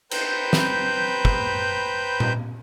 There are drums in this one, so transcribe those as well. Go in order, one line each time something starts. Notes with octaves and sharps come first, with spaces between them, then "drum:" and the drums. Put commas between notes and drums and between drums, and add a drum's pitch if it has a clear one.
B4 C5 G5 A#5 B5 G6, drum: cymbal
drum: snare
drum: kick
drum: tom A#2